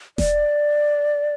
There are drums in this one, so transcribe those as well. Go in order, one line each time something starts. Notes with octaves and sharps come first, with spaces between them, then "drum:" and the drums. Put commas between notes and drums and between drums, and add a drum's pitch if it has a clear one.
D5, drum: snare E1